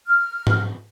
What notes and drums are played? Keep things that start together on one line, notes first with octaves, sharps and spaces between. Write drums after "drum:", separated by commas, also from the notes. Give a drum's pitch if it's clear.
F6
drum: tom G#2